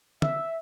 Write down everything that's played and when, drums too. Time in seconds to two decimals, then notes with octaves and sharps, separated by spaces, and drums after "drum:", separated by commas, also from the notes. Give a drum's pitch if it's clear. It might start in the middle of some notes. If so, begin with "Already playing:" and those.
0.22 E5, drum: tom